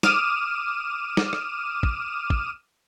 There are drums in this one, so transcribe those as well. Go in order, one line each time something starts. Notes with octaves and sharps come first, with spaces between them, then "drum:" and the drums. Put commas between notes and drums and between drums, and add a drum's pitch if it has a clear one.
D6 D#6 F6 D#7 E7, drum: snare
drum: snare
drum: rim click
drum: kick
drum: kick